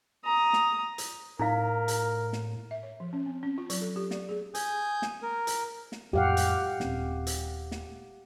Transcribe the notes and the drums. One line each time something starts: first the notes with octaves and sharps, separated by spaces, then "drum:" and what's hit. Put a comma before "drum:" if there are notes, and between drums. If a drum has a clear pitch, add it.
A#5 D#6
drum: snare
drum: hi-hat
A2 D#4 E4 A#4 F5
drum: hi-hat
drum: snare
E5
C#5
F3
C#4
C4
C#4
F4
F#3, drum: hi-hat
A4
G4
D5, drum: snare
G#4
G#5 D#6 G6, drum: hi-hat
drum: snare
A#4
drum: hi-hat
drum: snare
F2 A2 G#3 G4 F5 F#5
drum: hi-hat
D#1 C4 C#4, drum: snare
drum: hi-hat
drum: snare